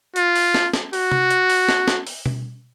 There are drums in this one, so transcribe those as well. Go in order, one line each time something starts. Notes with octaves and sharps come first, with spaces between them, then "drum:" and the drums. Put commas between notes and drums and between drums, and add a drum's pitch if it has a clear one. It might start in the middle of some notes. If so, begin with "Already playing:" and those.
F4, drum: hi-hat
drum: open hi-hat
drum: snare
drum: snare
F#4, drum: open hi-hat
drum: tom C3
drum: hi-hat
drum: open hi-hat
drum: snare
drum: snare
drum: open hi-hat
drum: tom B2